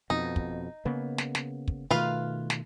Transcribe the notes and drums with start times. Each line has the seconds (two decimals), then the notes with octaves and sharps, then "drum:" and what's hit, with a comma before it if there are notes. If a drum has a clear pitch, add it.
0.10 F2 B2 D#4
0.36 drum: kick
0.85 C#3 A#3 B3
1.18 drum: snare
1.35 drum: snare
1.68 drum: kick
1.91 B2 D#3 A3 F4 B4 F5
2.50 drum: snare